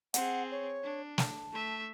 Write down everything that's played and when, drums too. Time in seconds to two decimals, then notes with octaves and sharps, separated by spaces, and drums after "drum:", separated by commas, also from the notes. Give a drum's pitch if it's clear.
0.14 C4 G#4 F#5, drum: hi-hat
0.51 C#5
0.83 D4
1.18 A5, drum: snare
1.52 A3 E5